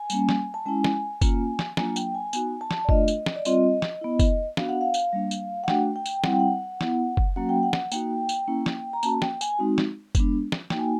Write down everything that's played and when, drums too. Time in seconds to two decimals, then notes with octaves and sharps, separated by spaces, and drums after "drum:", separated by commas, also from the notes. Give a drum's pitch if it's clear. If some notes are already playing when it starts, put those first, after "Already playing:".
Already playing: G#5
0.10 G3 A#3 C#4, drum: tambourine
0.29 drum: snare
0.54 A5
0.65 G#3 C#4 E4 G#5
0.84 drum: snare
1.22 A#3 C#4 F4, drum: kick, tambourine
1.59 drum: snare
1.77 F#3 A#3 D4 F4 G#5, drum: snare
1.96 G5, drum: tambourine
2.15 G#5
2.33 B3 D#4 F#4 G#5, drum: tambourine
2.61 A5
2.71 drum: snare
2.85 D5
2.89 A3 D4 F4 D#5, drum: kick
3.08 drum: tambourine
3.26 drum: snare
3.36 D5
3.45 G3 C4 F4 D#5, drum: tambourine
3.82 drum: snare
4.01 B3 E4
4.20 drum: kick, tambourine
4.57 B3 D4 F#4 F5, drum: snare
4.69 F#5
4.81 F5
4.94 drum: tambourine
5.13 G3 A#3 D4
5.31 drum: tambourine
5.64 F#5
5.68 A3 D4 F#4 G5, drum: snare
5.96 G5
6.06 drum: tambourine
6.24 G3 C4 E4 F#5, drum: snare
6.33 G5
6.40 F#5
6.81 B3 E4, drum: snare
7.17 drum: kick
7.36 F#3 A#3 C#4 F#4 F#5
7.49 G5
7.63 F#5
7.73 drum: snare
7.92 A#3 D#4 F#4 G5, drum: tambourine
8.29 drum: tambourine
8.48 A#3 C#4 E4
8.66 drum: snare
8.93 A#5
9.03 A#3 C#4 F#4 A5, drum: tambourine
9.22 G5, drum: snare
9.41 G#5, drum: tambourine
9.59 G#3 C4 D#4 F#4
9.78 drum: snare
10.15 G#3 B3 D4, drum: kick, tambourine
10.52 drum: snare
10.70 A#3 D#4 F#4 G5, drum: snare
10.79 G#5